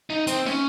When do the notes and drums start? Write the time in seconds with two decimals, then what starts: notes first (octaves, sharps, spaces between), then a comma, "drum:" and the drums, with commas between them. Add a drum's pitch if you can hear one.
0.10 D#4
0.27 C4, drum: hi-hat
0.46 C#4, drum: snare